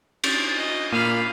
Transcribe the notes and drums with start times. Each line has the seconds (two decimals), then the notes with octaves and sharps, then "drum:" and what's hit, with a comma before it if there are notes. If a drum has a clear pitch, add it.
0.24 D5, drum: cymbal
0.56 D#5
0.92 A#2 A#3 F5 B5 D#7